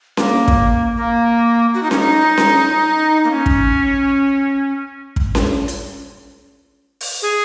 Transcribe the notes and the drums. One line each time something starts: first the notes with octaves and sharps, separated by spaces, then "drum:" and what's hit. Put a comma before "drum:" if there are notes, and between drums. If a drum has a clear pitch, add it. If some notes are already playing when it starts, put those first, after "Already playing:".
A#3, drum: snare C#4
drum: kick
A#3
F#4
D#4
C#4, drum: snare C#4
D#4
drum: snare C#4
A#3
C#4
drum: kick
drum: kick
drum: snare C#4
drum: hi-hat
drum: open hi-hat
G#4